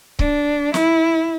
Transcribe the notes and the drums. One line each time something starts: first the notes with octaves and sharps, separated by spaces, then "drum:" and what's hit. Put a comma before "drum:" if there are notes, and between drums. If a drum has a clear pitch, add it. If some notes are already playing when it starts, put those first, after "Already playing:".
D4, drum: kick C#1
E4, drum: snare